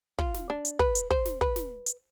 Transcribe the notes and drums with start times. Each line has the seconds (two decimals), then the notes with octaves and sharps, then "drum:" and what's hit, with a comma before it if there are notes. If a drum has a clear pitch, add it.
0.18 F4, drum: kick
0.34 drum: snare
0.50 D4
0.65 drum: hi-hat
0.79 B4, drum: kick
0.95 drum: hi-hat
1.10 C5, drum: kick
1.25 drum: snare
1.41 B4, drum: kick
1.56 drum: snare
1.86 drum: hi-hat